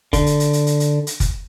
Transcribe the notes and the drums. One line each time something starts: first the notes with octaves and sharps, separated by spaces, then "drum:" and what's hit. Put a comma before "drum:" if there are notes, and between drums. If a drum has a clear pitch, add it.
D3, drum: kick, hi-hat
drum: hi-hat
drum: hi-hat
drum: hi-hat
drum: hi-hat
drum: hi-hat
drum: hi-hat
drum: kick, hi-hat